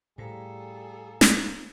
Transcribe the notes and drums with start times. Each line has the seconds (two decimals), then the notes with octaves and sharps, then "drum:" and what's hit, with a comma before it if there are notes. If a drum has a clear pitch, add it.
0.18 A2 G3 G#4 A4 C5 F5 A#5
1.21 drum: snare